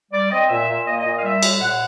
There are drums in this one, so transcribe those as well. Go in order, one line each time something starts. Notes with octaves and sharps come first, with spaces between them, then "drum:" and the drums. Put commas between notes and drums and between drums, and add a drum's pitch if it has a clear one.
G3 D5
C4 D#5
A#2 E5
A#2
A#3 D#5
D#5
A#2
D#5
F5
G3 E5
A2, drum: cymbal
A#2 F#5